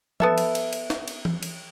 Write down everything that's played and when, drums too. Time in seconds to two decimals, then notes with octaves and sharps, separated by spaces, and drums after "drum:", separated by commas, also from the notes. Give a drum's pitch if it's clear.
0.20 B3 A4 E5, drum: tom F3
0.38 drum: cymbal
0.55 drum: cymbal
0.73 drum: cymbal
0.90 drum: snare
1.08 drum: cymbal
1.25 drum: tom
1.43 drum: cymbal